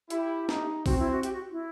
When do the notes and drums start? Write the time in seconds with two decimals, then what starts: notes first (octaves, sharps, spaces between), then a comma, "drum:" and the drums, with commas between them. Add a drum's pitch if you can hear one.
0.10 E4 G4, drum: hi-hat
0.49 D#4, drum: snare
0.86 C4 F#4, drum: kick A1, open hi-hat
0.99 E4
1.11 F#4
1.23 G4, drum: hi-hat
1.33 F#4
1.52 E4